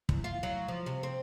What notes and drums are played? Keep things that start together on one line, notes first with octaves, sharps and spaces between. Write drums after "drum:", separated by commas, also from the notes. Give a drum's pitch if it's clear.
E2, drum: kick
F4
F#3
F3
C3
C4